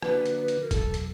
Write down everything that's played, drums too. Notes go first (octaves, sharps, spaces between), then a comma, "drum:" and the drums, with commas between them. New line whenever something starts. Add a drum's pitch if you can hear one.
D3 F3 A#3 D4 F#4 B4, drum: rim click
drum: hi-hat
B4
drum: hi-hat
A#4
E2 B2 F#3 A4, drum: kick, hi-hat
drum: hi-hat